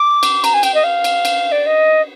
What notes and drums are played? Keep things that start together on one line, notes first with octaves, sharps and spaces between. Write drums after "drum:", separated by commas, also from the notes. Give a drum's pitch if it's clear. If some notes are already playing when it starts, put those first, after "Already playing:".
Already playing: D6
drum: cymbal
A#5, drum: cymbal
G#5
G5, drum: cymbal
D#5
F5
drum: cymbal
drum: cymbal
D5
D#5